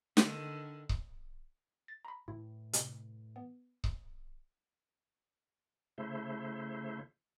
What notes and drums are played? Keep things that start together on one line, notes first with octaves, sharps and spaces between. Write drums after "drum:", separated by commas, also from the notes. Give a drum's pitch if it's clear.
D3 D#3, drum: snare
drum: kick C#1
A6
A#5 B5
A2 E3 E4
C3, drum: hi-hat
B3
drum: kick C#1
C#3 A3 E4 C5